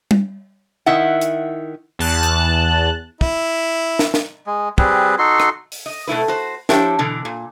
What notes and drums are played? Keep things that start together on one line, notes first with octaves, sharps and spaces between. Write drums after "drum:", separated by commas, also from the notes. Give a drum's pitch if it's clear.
drum: tom G3
D#3 E4 E5 F#5
drum: hi-hat
E2 A5 F#6
drum: hi-hat
E4, drum: kick
drum: snare
drum: snare
G#3
G3 C4 G#4 B4, drum: kick
D#4 F#4 A4 C6
drum: rim click
drum: open hi-hat
D#5
B2 A3 E4 B4
F#4 C5
F3 D4 E4 G4 C5 C#5, drum: snare
B2 D3 E3
A#2